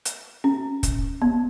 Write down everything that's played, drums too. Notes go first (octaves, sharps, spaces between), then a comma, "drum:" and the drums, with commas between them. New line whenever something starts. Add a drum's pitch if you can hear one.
drum: hi-hat
C#4
drum: kick, hi-hat
B3